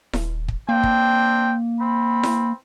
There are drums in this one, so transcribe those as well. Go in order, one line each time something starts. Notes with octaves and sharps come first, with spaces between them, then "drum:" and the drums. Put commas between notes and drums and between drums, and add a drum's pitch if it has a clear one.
D#1, drum: snare E4
drum: kick
A#3 C4 D4 G5
drum: kick
C4 B5
drum: snare E4